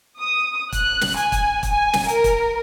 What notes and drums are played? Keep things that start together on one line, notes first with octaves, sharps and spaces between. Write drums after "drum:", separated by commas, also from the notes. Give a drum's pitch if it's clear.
D#6
F#6, drum: kick, hi-hat
drum: snare
G#5, drum: hi-hat
drum: kick, hi-hat
drum: kick, hi-hat
G#5
drum: snare
A#4, drum: hi-hat
drum: kick, hi-hat